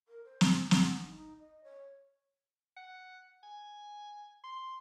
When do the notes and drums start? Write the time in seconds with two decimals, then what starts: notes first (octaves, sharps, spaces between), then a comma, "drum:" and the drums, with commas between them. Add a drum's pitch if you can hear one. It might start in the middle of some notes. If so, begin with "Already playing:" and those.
0.08 A#4
0.25 C5
0.41 drum: snare
0.71 F#5, drum: snare
1.07 D#4
1.39 D#5
1.64 C#5
2.77 F#5
3.43 G#5
4.44 C6